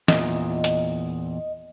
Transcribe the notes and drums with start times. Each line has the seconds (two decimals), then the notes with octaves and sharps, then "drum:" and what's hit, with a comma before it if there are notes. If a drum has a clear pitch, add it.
0.08 E2 A#2 D#5, drum: snare
0.64 drum: hi-hat